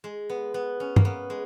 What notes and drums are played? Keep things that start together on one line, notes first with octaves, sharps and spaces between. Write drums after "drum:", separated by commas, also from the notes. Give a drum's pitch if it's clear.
G#3
B3
B3
C#4
A#3, drum: tom
B3
G#3